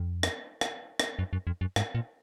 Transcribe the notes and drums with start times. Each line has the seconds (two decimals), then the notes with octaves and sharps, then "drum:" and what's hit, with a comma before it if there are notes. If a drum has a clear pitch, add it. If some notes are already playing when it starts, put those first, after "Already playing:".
Already playing: F2
0.23 drum: rim click
0.61 drum: rim click
1.00 drum: rim click
1.19 F#2
1.33 F#2
1.47 F2
1.61 F#2
1.76 G#2, drum: rim click
1.95 A#2